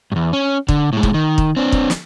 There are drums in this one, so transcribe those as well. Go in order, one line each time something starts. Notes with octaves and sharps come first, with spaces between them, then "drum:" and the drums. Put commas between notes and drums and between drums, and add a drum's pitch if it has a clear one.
E2 G2
C#4
D3, drum: kick
A2 G#3
drum: kick
D#3
drum: kick
C4 D4
drum: kick
drum: snare